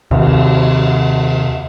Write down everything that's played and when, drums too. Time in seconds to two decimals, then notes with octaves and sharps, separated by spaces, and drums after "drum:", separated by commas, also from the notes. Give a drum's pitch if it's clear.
0.11 D#2 C3, drum: cymbal